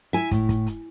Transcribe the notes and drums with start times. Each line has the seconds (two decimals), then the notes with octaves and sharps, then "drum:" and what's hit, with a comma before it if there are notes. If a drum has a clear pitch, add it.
0.13 E4 E5 G#5, drum: hi-hat
0.31 A2, drum: kick, hi-hat
0.49 drum: kick, hi-hat
0.67 drum: hi-hat